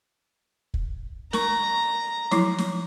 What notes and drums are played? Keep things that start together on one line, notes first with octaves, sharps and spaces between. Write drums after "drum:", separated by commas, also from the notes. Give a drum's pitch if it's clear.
drum: kick
A#4 A#5 C#6, drum: snare
F3 F#3 E4, drum: snare
drum: snare